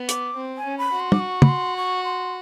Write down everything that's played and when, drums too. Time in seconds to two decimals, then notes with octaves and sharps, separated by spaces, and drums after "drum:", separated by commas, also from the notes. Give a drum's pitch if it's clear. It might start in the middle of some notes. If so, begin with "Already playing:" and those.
Already playing: B3
0.09 D6, drum: hi-hat
0.36 C4
0.58 G#5
0.65 C#4
0.78 B5
0.92 F#4
1.00 C6
1.12 D6, drum: tom
1.20 C#6
1.42 B5, drum: tom
1.49 C6
1.77 C#6
2.04 C6